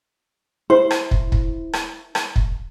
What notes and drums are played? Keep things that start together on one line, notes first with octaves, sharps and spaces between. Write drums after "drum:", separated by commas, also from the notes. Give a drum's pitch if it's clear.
E4 C5
drum: rim click
drum: kick
drum: kick
drum: rim click
drum: rim click
drum: kick